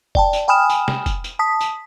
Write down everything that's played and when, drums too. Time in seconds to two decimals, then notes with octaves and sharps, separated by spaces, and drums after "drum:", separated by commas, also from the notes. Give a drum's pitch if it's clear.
0.15 D5 G5 A5, drum: kick
0.33 drum: tambourine
0.48 G5 G#5 B5 D#6 F6 E7
0.70 drum: tambourine
0.88 drum: snare
1.06 drum: kick, tambourine
1.24 drum: tambourine
1.39 A5 D#6 B6
1.61 drum: tambourine